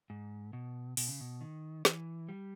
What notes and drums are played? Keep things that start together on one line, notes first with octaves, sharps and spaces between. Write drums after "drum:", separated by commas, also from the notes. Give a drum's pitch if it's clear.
G#2
B2
B2, drum: open hi-hat
C#3
B2
D#3
E3, drum: snare
G3